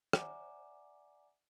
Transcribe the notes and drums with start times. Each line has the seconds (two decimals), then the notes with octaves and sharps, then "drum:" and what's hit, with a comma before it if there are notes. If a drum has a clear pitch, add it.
0.13 D5 E5 F#5 G#5 A#5 D6, drum: rim click